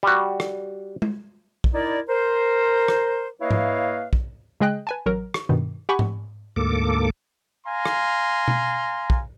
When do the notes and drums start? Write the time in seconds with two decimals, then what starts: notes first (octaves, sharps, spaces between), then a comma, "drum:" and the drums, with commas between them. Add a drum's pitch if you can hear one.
0.03 G3 F#4
0.40 drum: rim click
1.02 drum: tom G#3
1.64 drum: kick
1.74 D#4 E4 A#4 D5
2.08 A#4 C5
2.88 drum: rim click
3.41 A#3 E4 B4 C#5 D#5 F5
3.51 drum: tom G#2
4.13 drum: kick
4.60 C#3 G#3 G#4 D#5 G5 F#6
4.87 B4 G#5 A5
5.06 A1 F#3 A#4
5.34 C#6, drum: rim click
5.49 G2 B2 D#3
5.89 G4 F#5 G#5 B5 C#6
5.99 drum: tom G#2
6.56 D2 G#2 A#3 A4 D6
7.66 F5 G#5 A#5 C6
7.86 drum: rim click
8.48 drum: tom B2
9.10 drum: kick